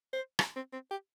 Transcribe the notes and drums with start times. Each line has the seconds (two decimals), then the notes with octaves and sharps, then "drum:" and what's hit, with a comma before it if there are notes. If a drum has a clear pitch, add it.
0.13 C5
0.39 drum: rim click
0.56 C4
0.73 C4
0.91 G4